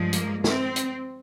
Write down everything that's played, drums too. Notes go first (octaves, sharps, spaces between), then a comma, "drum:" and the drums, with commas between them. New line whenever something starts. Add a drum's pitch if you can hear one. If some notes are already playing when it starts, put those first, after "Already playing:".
Already playing: G2 F3 G#3
A#3, drum: hi-hat
C4, drum: snare
drum: hi-hat